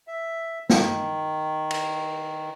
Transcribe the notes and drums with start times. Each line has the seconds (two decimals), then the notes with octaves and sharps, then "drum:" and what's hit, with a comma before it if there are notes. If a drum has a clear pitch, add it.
0.07 E5
0.70 D#3, drum: snare
1.71 drum: cymbal